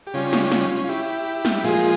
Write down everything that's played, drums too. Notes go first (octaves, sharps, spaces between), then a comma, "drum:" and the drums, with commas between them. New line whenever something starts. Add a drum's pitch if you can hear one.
G4
C#3 G3 C#4 F4
drum: snare
drum: snare
F4
E4 G4
drum: snare
A#2 F3 G#3 F4 G#4